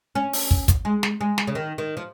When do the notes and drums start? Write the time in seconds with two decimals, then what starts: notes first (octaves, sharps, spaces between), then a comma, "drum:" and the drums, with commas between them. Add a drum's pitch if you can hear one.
0.15 C#4
0.33 drum: open hi-hat
0.51 drum: kick
0.68 drum: kick, hi-hat
0.85 G#3
1.03 drum: snare
1.21 G#3
1.38 drum: snare
1.47 C#3
1.55 D#3
1.78 D#3
1.97 F3